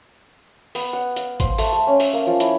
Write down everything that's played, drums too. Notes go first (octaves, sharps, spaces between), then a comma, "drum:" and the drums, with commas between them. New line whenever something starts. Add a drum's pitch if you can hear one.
B3, drum: open hi-hat
F#5
F5, drum: hi-hat
C5, drum: kick G#1, hi-hat
A3, drum: open hi-hat
A3
C#4
E5, drum: open hi-hat
A#3
F3
E4, drum: hi-hat